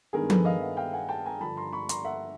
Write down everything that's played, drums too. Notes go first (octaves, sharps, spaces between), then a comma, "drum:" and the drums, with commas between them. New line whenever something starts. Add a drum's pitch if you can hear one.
G2 D#3 G#3 B3 G#4 A#4
A4 B4, drum: tom F3
D#5 F5
E5 F#5
F5 G5
F#5 G#5
G5 A5
G#5 A#5
G2 D3 F3 A5 B5
A#5 C6
B5 C#6
A#5 C6, drum: hi-hat
E5 F#5